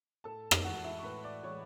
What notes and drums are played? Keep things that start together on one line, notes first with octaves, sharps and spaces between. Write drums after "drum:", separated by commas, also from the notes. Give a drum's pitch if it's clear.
A2 A4 A5
drum: rim click
E3 G#3 F#4 F#5
E4 E5
C#6
A2 B4 B5
D5 D6
E3 G#3 C#5 C#6